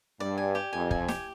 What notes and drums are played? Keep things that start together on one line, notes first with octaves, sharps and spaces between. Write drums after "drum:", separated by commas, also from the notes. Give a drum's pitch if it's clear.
G2 D5
G#5
G4
F2 G#5
G#5, drum: kick
G4, drum: snare